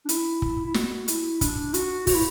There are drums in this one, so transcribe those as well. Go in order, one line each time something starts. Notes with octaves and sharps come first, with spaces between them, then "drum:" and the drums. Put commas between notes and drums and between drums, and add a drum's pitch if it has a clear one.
D4
E4, drum: hi-hat
drum: kick
E4
F#4, drum: snare
E4, drum: hi-hat
D4, drum: kick, hi-hat
F#4, drum: hi-hat
F#4, drum: kick, open hi-hat
E4